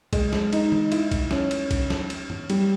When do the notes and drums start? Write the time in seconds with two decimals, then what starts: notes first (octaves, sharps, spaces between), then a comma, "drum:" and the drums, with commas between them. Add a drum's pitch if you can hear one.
0.13 G#3, drum: kick B1, cymbal
0.33 drum: snare
0.53 D#4, drum: cymbal
0.72 drum: tom
0.92 E4, drum: cymbal
1.11 drum: kick B1, cymbal
1.31 C#4, drum: snare
1.51 drum: cymbal
1.71 drum: kick B1, cymbal
1.90 drum: snare
2.10 drum: cymbal
2.30 drum: tom G2
2.50 G3, drum: cymbal